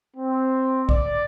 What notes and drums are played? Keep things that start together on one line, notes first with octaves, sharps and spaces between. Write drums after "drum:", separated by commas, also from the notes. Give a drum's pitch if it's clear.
C4
D5, drum: kick B1